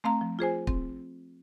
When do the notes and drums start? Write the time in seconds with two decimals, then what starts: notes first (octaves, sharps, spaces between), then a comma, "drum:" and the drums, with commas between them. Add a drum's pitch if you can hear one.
0.04 A3 C4 F5 A#5
0.21 F3
0.39 F4 G#4 C5 G#5
0.67 C4, drum: kick